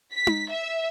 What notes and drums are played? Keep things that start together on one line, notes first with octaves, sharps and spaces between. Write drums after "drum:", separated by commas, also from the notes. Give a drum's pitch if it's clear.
B6
drum: tom D#4
E5